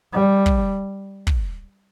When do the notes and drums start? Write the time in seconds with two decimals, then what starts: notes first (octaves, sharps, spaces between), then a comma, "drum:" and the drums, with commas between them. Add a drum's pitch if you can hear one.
0.13 G3
0.46 drum: kick
1.27 drum: kick